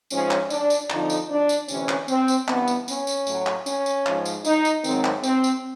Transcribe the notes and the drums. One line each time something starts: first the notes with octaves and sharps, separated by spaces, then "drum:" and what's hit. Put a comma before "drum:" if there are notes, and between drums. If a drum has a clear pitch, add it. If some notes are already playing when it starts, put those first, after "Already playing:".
G#2 F3 C#4, drum: tambourine
drum: clap
D4, drum: tambourine
drum: tambourine
F2 D3 F3 D#4, drum: clap
drum: tambourine
D4
drum: tambourine
D2 C3 E3 C#4, drum: tambourine
drum: clap
C4, drum: tambourine
drum: tambourine
G2 E3 B3, drum: clap
drum: tambourine
C#4, drum: tambourine
drum: tambourine
A2 F#3, drum: tambourine
drum: clap
C#4, drum: tambourine
drum: tambourine
G#2 F3, drum: clap
drum: tambourine
D#4, drum: tambourine
drum: tambourine
G#2 D#3 F#3 C4, drum: tambourine
drum: clap
C4, drum: tambourine
drum: tambourine